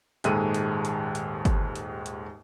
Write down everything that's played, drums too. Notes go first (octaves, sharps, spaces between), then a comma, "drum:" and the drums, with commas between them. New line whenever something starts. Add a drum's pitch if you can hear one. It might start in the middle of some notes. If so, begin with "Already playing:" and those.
D#1 D#2 G#2 G#3 A4 D#7, drum: hi-hat
drum: hi-hat
drum: hi-hat
drum: hi-hat
drum: kick G1, hi-hat
drum: hi-hat
drum: hi-hat